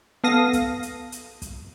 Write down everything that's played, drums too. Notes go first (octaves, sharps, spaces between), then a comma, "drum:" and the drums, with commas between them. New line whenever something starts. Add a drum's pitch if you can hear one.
B3 A4 F5 D#6 A#6
drum: kick, hi-hat
drum: hi-hat
drum: hi-hat
drum: kick, hi-hat